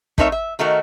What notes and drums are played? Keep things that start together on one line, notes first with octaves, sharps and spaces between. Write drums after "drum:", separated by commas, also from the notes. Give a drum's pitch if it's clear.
A3 C4 D#4 A#4 C#5 E5, drum: kick
E5
D#3 A3 D#4 F#4 A#4